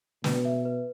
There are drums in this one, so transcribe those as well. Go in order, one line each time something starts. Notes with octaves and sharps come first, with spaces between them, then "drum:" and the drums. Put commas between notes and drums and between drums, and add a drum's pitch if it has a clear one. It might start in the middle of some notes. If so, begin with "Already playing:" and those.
B2 B4, drum: snare
E5
B4